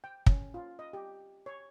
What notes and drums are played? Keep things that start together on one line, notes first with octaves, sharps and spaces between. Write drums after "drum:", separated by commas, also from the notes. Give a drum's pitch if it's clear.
G5
C#4, drum: kick
F4
D#5
G4
C#5